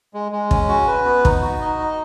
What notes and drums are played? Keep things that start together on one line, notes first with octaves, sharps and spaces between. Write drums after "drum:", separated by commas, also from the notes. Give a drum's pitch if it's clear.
G#3
G#3
C#4, drum: kick
F#4
B4
B3
D#4, drum: kick
F#4
D#5
D#4